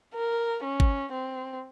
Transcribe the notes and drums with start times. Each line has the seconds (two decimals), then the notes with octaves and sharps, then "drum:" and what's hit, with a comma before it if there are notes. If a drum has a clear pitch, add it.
0.15 A#4
0.64 C#4
0.80 drum: kick
1.12 C4